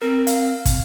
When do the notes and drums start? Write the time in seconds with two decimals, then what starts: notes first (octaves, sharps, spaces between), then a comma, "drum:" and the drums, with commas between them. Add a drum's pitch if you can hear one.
0.02 C4 A#4
0.27 F5, drum: hi-hat
0.65 drum: kick, hi-hat